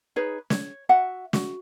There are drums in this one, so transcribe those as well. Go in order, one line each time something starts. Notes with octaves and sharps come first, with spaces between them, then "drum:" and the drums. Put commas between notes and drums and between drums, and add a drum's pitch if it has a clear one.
D#4 G#4 B4 C#5
C#5, drum: snare
F#4 E5 F#5
F#4, drum: snare